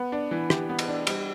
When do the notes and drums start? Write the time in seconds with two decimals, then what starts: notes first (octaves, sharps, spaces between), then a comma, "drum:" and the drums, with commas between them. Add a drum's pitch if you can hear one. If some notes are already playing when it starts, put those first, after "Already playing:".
Already playing: B3
0.12 D4
0.31 E3
0.50 G4, drum: rim click
0.69 B3
0.79 drum: cymbal
0.88 D4
1.07 G3, drum: cymbal